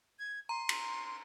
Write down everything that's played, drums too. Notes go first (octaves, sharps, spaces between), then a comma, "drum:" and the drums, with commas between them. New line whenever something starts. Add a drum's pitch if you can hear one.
G#6
A#5 C6
drum: cymbal